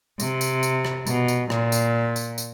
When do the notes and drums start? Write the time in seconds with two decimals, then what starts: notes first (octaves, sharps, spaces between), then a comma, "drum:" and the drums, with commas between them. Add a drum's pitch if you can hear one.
0.20 C3, drum: tambourine
0.41 drum: tambourine
0.63 drum: tambourine
0.85 drum: rim click
1.07 B2, drum: tambourine
1.28 drum: tambourine
1.50 A#2, drum: rim click
1.72 drum: tambourine
2.16 drum: tambourine
2.38 drum: tambourine